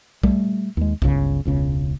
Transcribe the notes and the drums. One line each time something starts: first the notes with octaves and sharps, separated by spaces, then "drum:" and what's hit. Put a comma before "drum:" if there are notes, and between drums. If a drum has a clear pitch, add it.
G3 A3, drum: kick
D#2 G#3
G1 C#2 C#3, drum: kick
E1 C#2 C#3